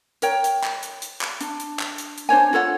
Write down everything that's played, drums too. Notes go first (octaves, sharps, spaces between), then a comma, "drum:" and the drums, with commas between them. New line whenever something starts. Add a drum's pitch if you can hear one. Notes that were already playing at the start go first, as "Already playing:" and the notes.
A#4 C#5 G5, drum: hi-hat
drum: hi-hat
drum: clap
drum: hi-hat
drum: hi-hat
drum: clap
D4, drum: hi-hat
drum: hi-hat
drum: clap
drum: hi-hat
drum: hi-hat
D4 C5 C#5 G#5
F4 A4 C#5 F#5